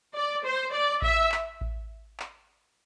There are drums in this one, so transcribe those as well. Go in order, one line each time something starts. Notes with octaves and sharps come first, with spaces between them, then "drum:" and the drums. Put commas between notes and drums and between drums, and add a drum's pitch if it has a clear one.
D5
C5
D5
E5, drum: kick A1
drum: clap
drum: kick A1
drum: clap